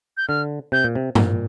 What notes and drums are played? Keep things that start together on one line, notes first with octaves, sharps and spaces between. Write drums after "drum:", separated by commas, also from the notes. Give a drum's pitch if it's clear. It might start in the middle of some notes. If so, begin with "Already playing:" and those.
G6
D3 F6
C3 G6
A#2
C3
A#2, drum: tom G2